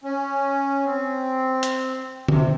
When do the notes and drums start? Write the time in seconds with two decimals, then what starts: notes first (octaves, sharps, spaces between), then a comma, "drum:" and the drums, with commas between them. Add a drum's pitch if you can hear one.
0.04 C#4
0.85 C4
1.63 drum: hi-hat
2.28 C3, drum: tom D3